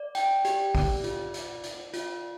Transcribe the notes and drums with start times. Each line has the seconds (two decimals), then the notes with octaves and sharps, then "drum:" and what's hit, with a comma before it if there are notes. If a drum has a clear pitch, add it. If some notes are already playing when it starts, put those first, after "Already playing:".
Already playing: D5
0.15 G5, drum: hi-hat
0.45 G4, drum: hi-hat
0.75 D5, drum: kick, open hi-hat
1.04 F4, drum: hi-hat
1.34 D5, drum: hi-hat
1.64 D5, drum: hi-hat
1.94 F4, drum: hi-hat